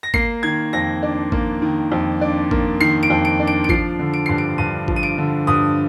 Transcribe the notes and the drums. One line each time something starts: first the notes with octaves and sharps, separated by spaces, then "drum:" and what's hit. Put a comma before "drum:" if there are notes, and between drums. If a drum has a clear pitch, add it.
A#6
A#3 C7, drum: kick
D#3 G#6
F2 A#6
D4
A#3, drum: kick
D#3
F2
D4
A#3, drum: kick
D#3 C7
D7
F2
D7
D4
D7
D7
F3 C7, drum: kick
D3
D7
G2 C7
D7
G2 D#7
F3, drum: kick
D#7
D7
D3
G2 D#6